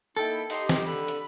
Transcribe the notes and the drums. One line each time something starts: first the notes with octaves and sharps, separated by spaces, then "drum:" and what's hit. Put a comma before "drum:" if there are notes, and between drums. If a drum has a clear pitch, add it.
A#3 D#4 E4 A4 G5
D#4 G4 C6, drum: open hi-hat
drum: snare
D3 B5
drum: hi-hat